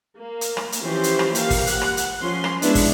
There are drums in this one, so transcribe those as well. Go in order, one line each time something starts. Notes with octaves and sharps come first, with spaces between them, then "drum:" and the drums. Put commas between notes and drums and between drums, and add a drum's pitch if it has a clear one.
A#3
drum: hi-hat
drum: rim click
drum: hi-hat
E3 F3 C#4 G4 C5
drum: hi-hat
drum: rim click
A#3 G4 F5, drum: hi-hat
drum: kick, open hi-hat
F#5, drum: hi-hat
drum: rim click
drum: hi-hat
F3 C#4 C6
drum: rim click
G#3 B3 D4 E4, drum: hi-hat
drum: kick, open hi-hat